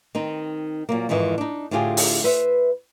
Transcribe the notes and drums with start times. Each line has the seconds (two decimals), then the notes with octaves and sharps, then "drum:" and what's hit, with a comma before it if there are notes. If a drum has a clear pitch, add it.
0.15 D#3 C4 D#4
0.89 A#2 F#3 A#3
1.09 F2 G#2 D#3 E3
1.38 D4 D#4
1.71 A2 D3 C4 F4 G4 G#4
1.97 drum: open hi-hat
2.24 B4 C5 E5